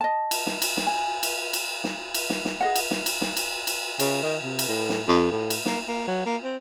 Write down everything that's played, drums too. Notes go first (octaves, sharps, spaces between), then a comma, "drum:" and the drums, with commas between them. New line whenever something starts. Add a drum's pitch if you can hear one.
D#5 A5
drum: cymbal
drum: snare
drum: cymbal
drum: snare
G#5
drum: cymbal
drum: cymbal
drum: snare
drum: cymbal
drum: snare
drum: snare
G#4 D#5 F#5
drum: cymbal
drum: snare
drum: cymbal
drum: snare
drum: cymbal
drum: cymbal
C#3, drum: cymbal
D#3
C3
drum: cymbal
A2
drum: snare
F2
A2
drum: cymbal
A#3, drum: snare
A#3
F#3
A#3
C4